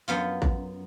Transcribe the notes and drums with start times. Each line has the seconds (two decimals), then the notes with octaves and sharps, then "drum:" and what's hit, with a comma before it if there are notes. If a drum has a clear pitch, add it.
0.08 F#2 B3 F4
0.42 drum: kick A1